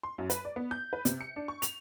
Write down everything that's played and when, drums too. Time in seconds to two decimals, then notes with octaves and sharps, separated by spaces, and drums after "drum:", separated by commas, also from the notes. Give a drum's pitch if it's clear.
0.03 C6
0.18 F#2
0.30 B4, drum: hi-hat
0.45 D5
0.56 B3
0.71 G6
0.93 B4
1.05 C3, drum: hi-hat
1.21 C#7
1.36 D4
1.48 C#6
1.62 F7, drum: hi-hat